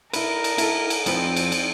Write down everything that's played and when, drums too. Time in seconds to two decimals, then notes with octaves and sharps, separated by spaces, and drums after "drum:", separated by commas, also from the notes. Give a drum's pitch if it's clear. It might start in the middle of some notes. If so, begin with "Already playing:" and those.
0.13 E4 A#4 B4, drum: cymbal
0.44 drum: cymbal
0.58 E4 A4, drum: cymbal
0.90 drum: cymbal
1.06 F2 F3 C4 B4, drum: cymbal
1.36 drum: cymbal
1.52 drum: cymbal